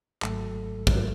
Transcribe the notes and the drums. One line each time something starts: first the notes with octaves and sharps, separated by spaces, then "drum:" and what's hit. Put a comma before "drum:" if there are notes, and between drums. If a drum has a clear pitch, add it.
G#1 G#2 F#3 A3 A4, drum: clap
G#1 G#2 F#3 A3, drum: kick